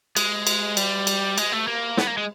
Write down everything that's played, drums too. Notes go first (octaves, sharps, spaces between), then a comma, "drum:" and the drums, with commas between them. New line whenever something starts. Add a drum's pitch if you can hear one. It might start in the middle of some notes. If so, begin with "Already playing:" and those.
G#3, drum: cymbal
drum: cymbal
G3, drum: cymbal
drum: cymbal
G#3, drum: cymbal
A3
A#3
B3, drum: snare
A#3
G#3